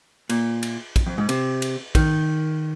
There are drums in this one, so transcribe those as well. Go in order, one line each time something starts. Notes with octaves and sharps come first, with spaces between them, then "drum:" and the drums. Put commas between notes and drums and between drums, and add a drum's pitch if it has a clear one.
A#2, drum: cymbal
drum: cymbal
drum: kick, cymbal
F2
G#2
C3, drum: cymbal
drum: cymbal
D#3, drum: kick, cymbal